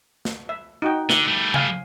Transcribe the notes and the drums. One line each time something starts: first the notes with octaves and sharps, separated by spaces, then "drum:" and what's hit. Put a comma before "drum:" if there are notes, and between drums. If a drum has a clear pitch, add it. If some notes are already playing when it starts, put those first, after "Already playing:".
drum: snare
E5
D#4 F#4 G5
D3, drum: snare
G3 A3
F5 G#5, drum: tom C#3